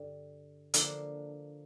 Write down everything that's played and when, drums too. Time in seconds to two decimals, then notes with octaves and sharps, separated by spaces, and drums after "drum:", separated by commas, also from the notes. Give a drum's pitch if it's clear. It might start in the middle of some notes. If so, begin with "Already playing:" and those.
Already playing: G2 D3 G3
0.74 D3 F3 A#3 D4, drum: hi-hat